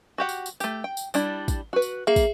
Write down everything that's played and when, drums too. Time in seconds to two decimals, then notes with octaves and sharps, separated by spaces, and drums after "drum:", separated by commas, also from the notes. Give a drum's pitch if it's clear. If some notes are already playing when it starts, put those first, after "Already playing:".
0.18 F#4 G4 F#5
0.29 drum: tambourine
0.46 drum: tambourine
0.60 A3 G4, drum: tambourine
0.84 G5
0.97 drum: tambourine
1.14 G3 D4 E4, drum: tambourine
1.48 drum: kick, tambourine
1.73 F#4 B4
1.82 drum: tambourine
2.07 A#3 G#4 E5
2.16 drum: kick, tambourine